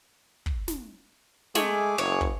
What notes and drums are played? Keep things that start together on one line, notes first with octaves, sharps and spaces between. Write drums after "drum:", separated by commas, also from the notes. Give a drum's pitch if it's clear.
drum: kick
drum: snare
G#3 A3 G#4 G#5 D6, drum: snare
F#1 C#5
drum: kick